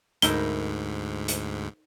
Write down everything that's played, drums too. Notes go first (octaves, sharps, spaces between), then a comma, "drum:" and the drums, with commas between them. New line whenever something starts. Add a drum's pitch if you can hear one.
D2 G#2 D#4 E4 A#4 G7, drum: hi-hat
drum: hi-hat